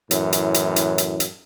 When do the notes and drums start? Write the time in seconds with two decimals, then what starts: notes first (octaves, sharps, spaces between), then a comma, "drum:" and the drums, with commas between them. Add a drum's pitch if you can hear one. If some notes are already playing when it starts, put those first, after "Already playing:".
0.11 F#2 A2 E3, drum: hi-hat
0.33 drum: hi-hat
0.54 drum: hi-hat
0.76 drum: hi-hat
0.98 drum: hi-hat
1.20 drum: hi-hat